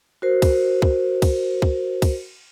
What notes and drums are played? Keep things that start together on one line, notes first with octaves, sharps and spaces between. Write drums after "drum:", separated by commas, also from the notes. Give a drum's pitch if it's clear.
F#4 A#4 C5
drum: kick, cymbal
drum: kick
drum: kick, cymbal
drum: kick
drum: kick, cymbal